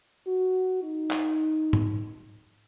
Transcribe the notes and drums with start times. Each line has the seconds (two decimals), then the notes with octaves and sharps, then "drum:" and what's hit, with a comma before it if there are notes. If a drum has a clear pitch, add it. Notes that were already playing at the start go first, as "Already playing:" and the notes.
0.27 F#4
0.83 D#4
1.11 drum: clap
1.73 drum: tom G#2